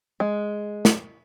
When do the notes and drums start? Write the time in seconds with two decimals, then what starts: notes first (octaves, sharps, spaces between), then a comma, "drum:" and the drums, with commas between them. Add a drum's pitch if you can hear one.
0.20 G#3
0.85 drum: snare